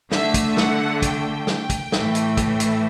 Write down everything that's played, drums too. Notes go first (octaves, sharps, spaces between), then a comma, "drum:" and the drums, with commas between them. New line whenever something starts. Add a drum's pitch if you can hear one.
D3 A3 E5, drum: snare
drum: kick, hi-hat
F#5, drum: snare
G5, drum: kick, hi-hat
drum: snare
drum: kick, hi-hat
A2 E3 A3, drum: snare
drum: hi-hat
drum: kick, hi-hat
drum: hi-hat